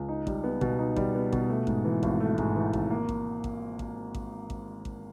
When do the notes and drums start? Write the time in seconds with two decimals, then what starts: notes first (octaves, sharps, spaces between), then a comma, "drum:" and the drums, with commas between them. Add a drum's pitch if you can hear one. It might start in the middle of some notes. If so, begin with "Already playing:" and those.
Already playing: C#2
0.09 D#4
0.27 G3, drum: kick A1
0.44 B3
0.61 B2, drum: kick A1
0.79 D#4
0.96 G3, drum: kick A1
1.15 B3
1.33 B2, drum: kick A1
1.50 A3
1.67 G#2, drum: kick A1
1.85 E3
2.03 G#1, drum: kick A1
2.20 A3
2.38 G#2, drum: kick A1
2.56 E3
2.73 G#1, drum: kick A1
2.90 A#3
3.09 drum: kick A1
3.44 drum: kick A1
3.79 drum: kick A1
4.15 drum: kick A1
4.50 drum: kick A1
4.85 drum: kick A1